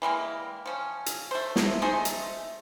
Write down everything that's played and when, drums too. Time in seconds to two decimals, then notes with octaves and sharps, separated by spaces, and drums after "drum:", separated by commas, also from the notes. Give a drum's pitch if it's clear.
0.02 E3 G3 G#3 A#3
0.66 F3 C#4
1.06 drum: hi-hat
1.31 A3 C5
1.56 drum: snare
1.82 A3 D#4 G#4 C5
2.05 drum: hi-hat